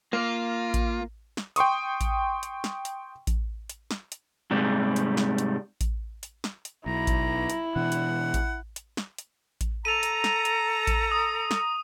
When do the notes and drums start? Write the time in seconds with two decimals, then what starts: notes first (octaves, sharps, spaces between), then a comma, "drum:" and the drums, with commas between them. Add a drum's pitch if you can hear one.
0.13 A#3 F4
0.74 drum: kick A1, hi-hat
1.37 drum: snare
1.56 G5 C6 C#6 D#6, drum: hi-hat
2.01 drum: kick A1, hi-hat
2.43 drum: hi-hat
2.64 drum: snare
2.85 drum: hi-hat
3.27 drum: kick A1, hi-hat
3.70 drum: hi-hat
3.91 drum: snare
4.12 drum: hi-hat
4.51 G#2 C3 G3
4.96 drum: hi-hat
5.17 drum: snare
5.38 drum: hi-hat
5.81 drum: kick A1, hi-hat
6.23 drum: hi-hat
6.44 drum: snare
6.65 drum: hi-hat
6.86 B1 E4 A#5
7.07 drum: kick A1, hi-hat
7.50 drum: hi-hat
7.76 B2 E3 D4 F#5
7.92 drum: hi-hat
8.34 drum: kick A1, hi-hat
8.76 drum: hi-hat
8.97 drum: snare
9.18 drum: hi-hat
9.61 drum: kick A1, hi-hat
9.85 A4 A#5 D#7 F7
10.03 drum: hi-hat
10.24 drum: snare
10.45 drum: hi-hat
10.87 drum: kick A1, hi-hat
11.12 D#6
11.51 drum: snare